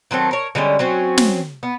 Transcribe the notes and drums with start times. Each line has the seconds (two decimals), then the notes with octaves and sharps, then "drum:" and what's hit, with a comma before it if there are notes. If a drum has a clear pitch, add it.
0.11 D#3 F#3 C4 A4
0.31 A#4 C#5
0.55 D3 G3 G#3 C#4
0.79 F#3 C4 C#4
1.18 drum: snare
1.63 B3